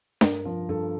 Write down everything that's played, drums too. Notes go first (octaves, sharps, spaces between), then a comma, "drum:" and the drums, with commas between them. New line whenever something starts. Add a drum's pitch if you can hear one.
G2 A#4, drum: snare D4
F3
G2 A4